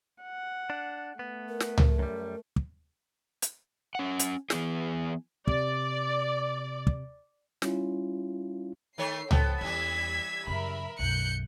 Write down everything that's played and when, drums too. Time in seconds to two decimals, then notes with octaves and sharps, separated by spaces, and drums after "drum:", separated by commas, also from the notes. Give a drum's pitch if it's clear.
0.23 F#5
0.70 D4
1.19 A3 B3
1.49 A#4
1.60 drum: snare
1.78 drum: tom C#2
1.99 F#2 G3
2.56 drum: kick
3.42 drum: hi-hat
3.95 C#4 F#5
4.19 drum: hi-hat
4.50 E3 B3 G#4, drum: snare
5.47 C3 D5, drum: kick
6.87 drum: kick
7.62 G3 C#4 E4 F4, drum: snare
8.98 D#3 A3 C#5 C7
9.31 B3 A4 C5 G5, drum: tom C#2
9.61 E2 E3 G3 C#4 E6 G#6 B6
10.47 F#2 C#3 A#4 E5 B5
10.99 B1 F#2 F#6 G6 C#7